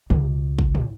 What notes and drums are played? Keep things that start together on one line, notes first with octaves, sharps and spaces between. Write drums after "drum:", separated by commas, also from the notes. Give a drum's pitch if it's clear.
C#2, drum: tom
drum: kick
drum: tom